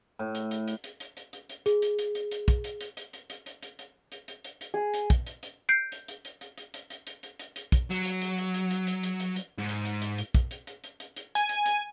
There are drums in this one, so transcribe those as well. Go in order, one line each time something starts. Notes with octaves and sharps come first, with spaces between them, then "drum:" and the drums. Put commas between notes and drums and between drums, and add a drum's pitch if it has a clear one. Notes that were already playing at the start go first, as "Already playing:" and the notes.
A2
drum: hi-hat
drum: hi-hat
drum: hi-hat
drum: hi-hat
drum: hi-hat
drum: hi-hat
drum: hi-hat
drum: hi-hat
G#4, drum: hi-hat
drum: hi-hat
drum: hi-hat
drum: hi-hat
drum: hi-hat
drum: kick, hi-hat
drum: hi-hat
drum: hi-hat
drum: hi-hat
drum: hi-hat
drum: hi-hat
drum: hi-hat
drum: hi-hat
drum: hi-hat
drum: hi-hat
drum: hi-hat
drum: hi-hat
drum: hi-hat
G#4
drum: hi-hat
drum: kick, hi-hat
drum: hi-hat
drum: hi-hat
G6 C7 D7
drum: hi-hat
drum: hi-hat
drum: hi-hat
drum: hi-hat
drum: hi-hat
drum: hi-hat
drum: hi-hat
drum: hi-hat
drum: hi-hat
drum: hi-hat
drum: hi-hat
drum: kick, hi-hat
F#3
drum: hi-hat
drum: hi-hat
drum: hi-hat
drum: hi-hat
drum: hi-hat
drum: hi-hat
drum: hi-hat
drum: hi-hat
drum: hi-hat
G#2
drum: hi-hat
drum: hi-hat
drum: hi-hat
drum: hi-hat
drum: kick, hi-hat
drum: hi-hat
drum: hi-hat
drum: hi-hat
drum: hi-hat
drum: hi-hat
G#5, drum: hi-hat
drum: hi-hat
drum: hi-hat